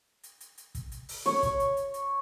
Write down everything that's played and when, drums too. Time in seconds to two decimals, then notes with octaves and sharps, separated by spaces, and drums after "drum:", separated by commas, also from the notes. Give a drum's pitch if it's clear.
0.23 drum: hi-hat
0.41 drum: hi-hat
0.58 drum: hi-hat
0.75 drum: kick, hi-hat
0.92 drum: hi-hat
1.09 drum: open hi-hat
1.26 C#5, drum: snare
1.43 drum: kick, hi-hat
1.60 drum: hi-hat
1.77 drum: hi-hat
1.94 drum: hi-hat